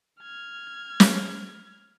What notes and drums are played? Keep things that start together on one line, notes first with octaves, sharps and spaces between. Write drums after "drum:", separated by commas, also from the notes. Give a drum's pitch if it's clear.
F6 G#6
drum: snare